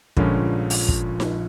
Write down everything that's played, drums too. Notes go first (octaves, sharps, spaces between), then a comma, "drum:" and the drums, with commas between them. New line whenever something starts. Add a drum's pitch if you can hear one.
A#1 G2 A#2 D3 F3 G#3 C#4, drum: kick
drum: open hi-hat
drum: kick
drum: snare D#4